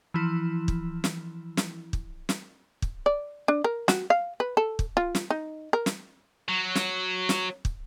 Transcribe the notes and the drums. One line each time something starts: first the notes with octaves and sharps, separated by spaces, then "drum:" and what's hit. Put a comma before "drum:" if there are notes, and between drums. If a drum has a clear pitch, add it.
E3 F3 E4
drum: kick
drum: snare
drum: snare
drum: kick
drum: snare
drum: kick
D5
D4
A#4
F#4, drum: snare
F5
B4
A4
drum: kick
F4
drum: snare
D#4
A#4
drum: snare
F#3
drum: snare
drum: snare
drum: kick